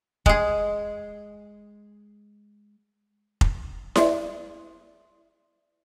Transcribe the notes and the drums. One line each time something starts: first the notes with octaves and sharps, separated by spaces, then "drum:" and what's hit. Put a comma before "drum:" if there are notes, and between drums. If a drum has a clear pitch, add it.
G#3 G#4, drum: kick F1
drum: kick F1
D5 E5 C6, drum: snare E4